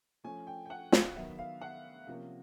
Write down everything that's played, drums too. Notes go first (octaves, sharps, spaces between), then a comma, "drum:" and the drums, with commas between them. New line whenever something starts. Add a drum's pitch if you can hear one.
F3 A3 C#4 G#5
G5
G5
F#5
F5, drum: snare
D#3 F#3 B3 E5
F5
F#5
C3 F3 A#3 C#4